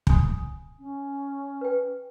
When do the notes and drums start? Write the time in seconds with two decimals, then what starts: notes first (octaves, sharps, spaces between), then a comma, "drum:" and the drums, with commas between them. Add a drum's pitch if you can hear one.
0.07 G#5 D#6, drum: kick
0.80 C#4
1.61 B4 G5